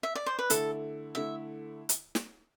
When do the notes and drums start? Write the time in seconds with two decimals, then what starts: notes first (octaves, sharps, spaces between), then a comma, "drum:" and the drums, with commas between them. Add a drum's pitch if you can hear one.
0.03 E5
0.15 D5
0.26 C5
0.39 B4
0.50 D3 A3 E4 A4, drum: hi-hat
1.15 D3 A3 E4 E5
1.89 drum: hi-hat
2.15 drum: snare